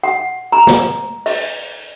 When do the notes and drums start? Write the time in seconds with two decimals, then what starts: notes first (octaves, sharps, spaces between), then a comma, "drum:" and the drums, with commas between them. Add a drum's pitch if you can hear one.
0.03 F#5
0.52 A#5
0.67 drum: snare
1.26 D#5, drum: open hi-hat